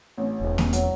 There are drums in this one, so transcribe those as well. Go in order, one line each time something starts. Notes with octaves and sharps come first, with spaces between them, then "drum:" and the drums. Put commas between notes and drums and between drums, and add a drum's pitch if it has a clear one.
A1
E1
drum: snare A#3
F#3, drum: hi-hat